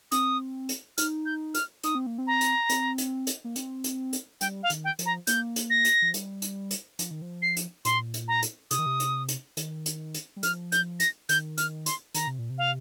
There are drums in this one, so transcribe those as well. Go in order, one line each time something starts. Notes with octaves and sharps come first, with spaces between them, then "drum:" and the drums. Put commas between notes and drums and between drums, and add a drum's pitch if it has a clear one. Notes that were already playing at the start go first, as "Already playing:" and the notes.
C4 D#6, drum: hi-hat
drum: hi-hat
D#4 F6, drum: hi-hat
G6
F6, drum: hi-hat
D#4 D#6, drum: hi-hat
C4
A#3
C4
A#5
drum: hi-hat
C4, drum: hi-hat
drum: hi-hat
drum: hi-hat
A#3
C4, drum: hi-hat
drum: hi-hat
drum: hi-hat
G3 G5, drum: hi-hat
F5
D#3, drum: hi-hat
G5
F3, drum: hi-hat
A#5
A#3 G6, drum: hi-hat
drum: hi-hat
A#6
drum: hi-hat
F3
G3, drum: hi-hat
drum: hi-hat
drum: hi-hat
F3, drum: hi-hat
D#3
F3
C7
drum: hi-hat
A#2 C6, drum: hi-hat
drum: hi-hat
A#5
drum: hi-hat
C3 D#6, drum: hi-hat
D#3
C3
drum: hi-hat
drum: hi-hat
D#3, drum: hi-hat
drum: hi-hat
drum: hi-hat
G3
F3 F6, drum: hi-hat
G6, drum: hi-hat
A#6, drum: hi-hat
D#3 G6, drum: hi-hat
F6, drum: hi-hat
C6, drum: hi-hat
D#3 A#5, drum: hi-hat
C3
A#2
C3
F5